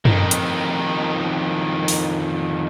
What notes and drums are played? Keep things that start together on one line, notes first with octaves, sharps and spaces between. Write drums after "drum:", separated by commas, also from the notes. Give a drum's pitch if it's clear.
F2 D#3, drum: tom F#2
drum: hi-hat
drum: open hi-hat